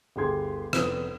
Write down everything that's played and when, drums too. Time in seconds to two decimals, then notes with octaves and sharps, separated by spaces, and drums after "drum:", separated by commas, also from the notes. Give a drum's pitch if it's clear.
0.16 G1 D2 G4 G#4 C6 G#6
0.73 F1 B3 C5 D#6, drum: rim click